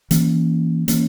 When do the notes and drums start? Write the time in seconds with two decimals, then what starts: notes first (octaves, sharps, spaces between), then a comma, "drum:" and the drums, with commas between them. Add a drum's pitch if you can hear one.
0.11 E3 A#3 C#4, drum: hi-hat
0.88 E3 A#3 C#4, drum: hi-hat